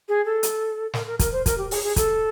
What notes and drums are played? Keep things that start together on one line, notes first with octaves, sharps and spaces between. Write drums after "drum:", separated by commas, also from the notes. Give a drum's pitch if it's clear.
G#4
A4
drum: hi-hat
A#4, drum: snare
A#4
A#4, drum: kick, hi-hat
C5
A#4, drum: kick, hi-hat
G4
G#4, drum: open hi-hat
G#4
A4, drum: kick, hi-hat